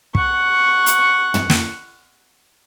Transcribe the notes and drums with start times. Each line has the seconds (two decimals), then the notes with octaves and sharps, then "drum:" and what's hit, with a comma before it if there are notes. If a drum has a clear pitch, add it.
0.15 F#5 C#6, drum: kick
0.86 drum: hi-hat
1.34 drum: tom
1.50 drum: snare